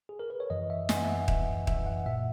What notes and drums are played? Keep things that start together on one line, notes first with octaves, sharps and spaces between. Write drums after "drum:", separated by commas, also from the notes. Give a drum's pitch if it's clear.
G#4
A#4
B4
C#5
F#2 E3 D#5
E5
F#2 E3 G#5, drum: snare
F#5
E5
F#5
F#2 E3 E5, drum: kick D#1
F#2 E3 E5, drum: kick D#1
F#5
A#2 E5